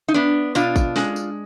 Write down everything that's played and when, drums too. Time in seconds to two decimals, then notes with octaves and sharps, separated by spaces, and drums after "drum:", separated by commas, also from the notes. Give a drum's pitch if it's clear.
0.08 D#4
0.14 B3 D4
0.55 B2 D4 F4, drum: tambourine
0.76 drum: kick, tambourine
0.96 G#3, drum: snare
1.16 drum: tambourine